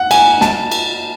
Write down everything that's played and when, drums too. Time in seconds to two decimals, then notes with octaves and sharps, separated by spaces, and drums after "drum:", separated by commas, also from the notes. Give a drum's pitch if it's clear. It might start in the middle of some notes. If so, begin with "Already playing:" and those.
Already playing: F#5
0.11 G#5, drum: cymbal
0.41 A5, drum: snare
0.71 drum: cymbal